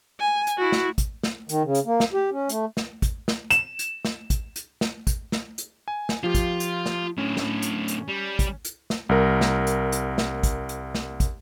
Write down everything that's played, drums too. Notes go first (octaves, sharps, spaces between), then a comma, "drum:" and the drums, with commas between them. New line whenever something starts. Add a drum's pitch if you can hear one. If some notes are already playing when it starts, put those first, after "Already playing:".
G#5
drum: hi-hat
E4 F#4
drum: snare
drum: kick, hi-hat
drum: snare
D#3, drum: hi-hat
C#3
drum: hi-hat
A#3
drum: snare
G4
C#4
A3, drum: hi-hat
drum: snare
drum: kick, hi-hat
drum: snare
E7, drum: hi-hat
drum: hi-hat
drum: snare
drum: kick, hi-hat
drum: hi-hat
drum: snare
drum: kick, hi-hat
drum: snare
drum: hi-hat
G#5
drum: snare
F3 F4 G4
drum: kick, hi-hat
drum: hi-hat
drum: snare
A2 D3 C#4
drum: snare
drum: hi-hat
drum: hi-hat
G3
drum: kick, hi-hat
drum: hi-hat
drum: snare
C2 A#4
drum: snare
drum: hi-hat
drum: hi-hat
drum: snare
drum: kick, hi-hat
drum: hi-hat
drum: snare
drum: kick, hi-hat